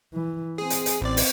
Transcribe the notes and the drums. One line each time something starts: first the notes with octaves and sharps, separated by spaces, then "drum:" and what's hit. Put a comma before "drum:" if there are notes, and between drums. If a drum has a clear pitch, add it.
E3
C4 G#4
drum: hi-hat
drum: hi-hat
A1 C4 D5
drum: open hi-hat